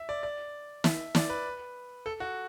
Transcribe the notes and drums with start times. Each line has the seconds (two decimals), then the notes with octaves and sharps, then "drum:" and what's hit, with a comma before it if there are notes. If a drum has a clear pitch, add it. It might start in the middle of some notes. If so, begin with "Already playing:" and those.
Already playing: E5
0.09 D5
0.23 D5
0.84 E5, drum: snare
1.15 D5, drum: snare
1.30 B4
2.06 A4
2.20 F#4